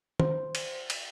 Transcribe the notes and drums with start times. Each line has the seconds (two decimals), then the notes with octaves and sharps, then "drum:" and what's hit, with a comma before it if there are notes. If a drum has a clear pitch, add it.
0.20 C5, drum: tom D#3
0.55 drum: cymbal
0.90 drum: cymbal